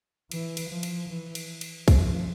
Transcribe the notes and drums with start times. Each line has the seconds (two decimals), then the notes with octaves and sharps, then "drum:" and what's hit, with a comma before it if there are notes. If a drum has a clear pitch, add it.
0.31 E3, drum: cymbal
0.57 drum: cymbal
0.70 F3
0.83 drum: cymbal
1.09 E3
1.35 drum: cymbal
1.61 drum: cymbal
1.88 F3, drum: kick, cymbal